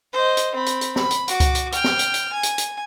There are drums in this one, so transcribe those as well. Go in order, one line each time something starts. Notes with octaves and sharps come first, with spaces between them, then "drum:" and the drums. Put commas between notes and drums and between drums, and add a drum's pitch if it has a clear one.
C5 D#5
drum: hi-hat
C4 B5
drum: hi-hat
drum: hi-hat
B5, drum: snare
drum: hi-hat
F#4 D6, drum: hi-hat
drum: kick C#2, hi-hat
drum: hi-hat
G5 F6, drum: hi-hat
drum: snare
drum: hi-hat
drum: hi-hat
G#5
drum: hi-hat
drum: hi-hat